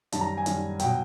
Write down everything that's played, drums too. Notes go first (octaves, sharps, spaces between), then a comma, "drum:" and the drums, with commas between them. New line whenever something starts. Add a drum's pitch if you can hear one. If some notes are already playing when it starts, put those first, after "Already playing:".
F#2 D#3 G3 A5, drum: hi-hat
A#5
G#5
F#2 D#3 G3, drum: hi-hat
B2 F#3 G5, drum: hi-hat